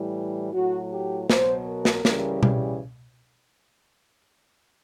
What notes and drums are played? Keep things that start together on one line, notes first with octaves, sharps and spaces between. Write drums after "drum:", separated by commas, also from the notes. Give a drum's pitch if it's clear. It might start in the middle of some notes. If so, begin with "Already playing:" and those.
Already playing: A2 E3 G3
A2 F#3 F#4
G4
B2 F#3 C5, drum: snare
A#4
drum: snare
C#3 E3 G3, drum: snare
drum: tom B2